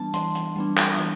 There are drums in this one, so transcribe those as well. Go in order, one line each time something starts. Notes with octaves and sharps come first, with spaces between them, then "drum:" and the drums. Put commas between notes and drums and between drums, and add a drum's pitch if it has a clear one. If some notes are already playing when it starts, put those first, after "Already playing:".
Already playing: E3 G3 B3 D4 A5
E3 C6, drum: hi-hat
drum: hi-hat
G3 B3 D4
drum: clap
E3, drum: hi-hat